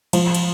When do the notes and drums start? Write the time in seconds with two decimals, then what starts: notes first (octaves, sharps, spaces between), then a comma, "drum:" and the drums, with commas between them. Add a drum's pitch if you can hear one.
0.13 F3, drum: cymbal
0.35 drum: cymbal